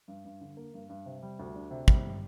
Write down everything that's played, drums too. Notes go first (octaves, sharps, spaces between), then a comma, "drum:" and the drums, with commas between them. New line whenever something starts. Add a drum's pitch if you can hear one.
G2
G2
D3
A#3
G2
G2
C3
G3
D2
D4
C3
G3, drum: kick